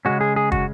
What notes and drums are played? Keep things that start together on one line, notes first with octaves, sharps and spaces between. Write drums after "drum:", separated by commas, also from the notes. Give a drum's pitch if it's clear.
C#3 G#3 C#4 F#4
G#4
G#4
F#4, drum: kick